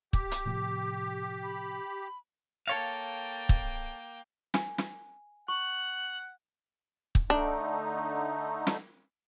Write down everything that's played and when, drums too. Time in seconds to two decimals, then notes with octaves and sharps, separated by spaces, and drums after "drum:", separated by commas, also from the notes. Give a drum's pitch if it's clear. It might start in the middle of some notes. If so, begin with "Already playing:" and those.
0.13 G4 D6, drum: kick
0.31 drum: hi-hat
0.46 A2 C3 F3
1.43 B5
2.68 A#3 A4 C#5 F5 G5
3.49 drum: kick
4.54 G#5, drum: snare
4.78 drum: snare
5.48 F#5 C#6 F#7
7.15 drum: kick
7.30 D3 A3 D4 D#4
8.67 drum: snare